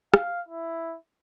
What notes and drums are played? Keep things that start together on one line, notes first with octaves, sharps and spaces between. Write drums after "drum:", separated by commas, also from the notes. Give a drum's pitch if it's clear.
F5, drum: rim click
E4